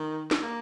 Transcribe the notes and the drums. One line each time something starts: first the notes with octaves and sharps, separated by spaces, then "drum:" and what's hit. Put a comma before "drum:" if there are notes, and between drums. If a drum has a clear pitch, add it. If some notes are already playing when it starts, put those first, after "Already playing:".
Already playing: D#3
drum: snare
A#3